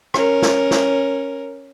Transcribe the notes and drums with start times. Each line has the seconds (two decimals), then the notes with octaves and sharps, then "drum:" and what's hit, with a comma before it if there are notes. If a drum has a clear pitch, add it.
0.14 C#4 A#4, drum: rim click
0.42 drum: snare
0.71 drum: snare